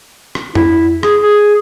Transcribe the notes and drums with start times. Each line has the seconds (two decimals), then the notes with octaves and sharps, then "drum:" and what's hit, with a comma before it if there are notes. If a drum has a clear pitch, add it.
0.35 drum: rim click
0.55 E4, drum: tom F2
1.03 G#4, drum: rim click
1.22 G#4